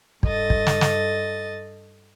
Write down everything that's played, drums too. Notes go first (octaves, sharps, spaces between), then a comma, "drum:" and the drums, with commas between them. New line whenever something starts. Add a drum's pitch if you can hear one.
G2 A4 D#5 A6, drum: kick
drum: kick
drum: snare
drum: snare